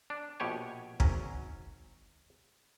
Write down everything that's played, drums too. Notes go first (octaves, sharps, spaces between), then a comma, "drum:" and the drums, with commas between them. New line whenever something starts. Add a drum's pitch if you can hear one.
D4
A#1 B2 G4 C#5 G#5
G#1 F#3 C#4, drum: kick